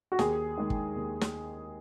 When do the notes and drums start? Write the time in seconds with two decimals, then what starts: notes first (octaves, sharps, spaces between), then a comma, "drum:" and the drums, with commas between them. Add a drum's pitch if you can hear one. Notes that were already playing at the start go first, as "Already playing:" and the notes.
0.12 F#4
0.19 D#2 G#4, drum: snare
0.57 D#3 G#3
0.70 drum: kick
0.96 D#2
1.21 drum: snare